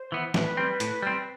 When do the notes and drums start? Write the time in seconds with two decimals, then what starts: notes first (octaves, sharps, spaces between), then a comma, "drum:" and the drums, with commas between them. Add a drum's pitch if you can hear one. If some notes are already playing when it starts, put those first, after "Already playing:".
Already playing: C5
0.12 E3 B3
0.34 A2 B4, drum: snare
0.57 G3 C4
0.80 A2, drum: hi-hat
1.02 G3 C4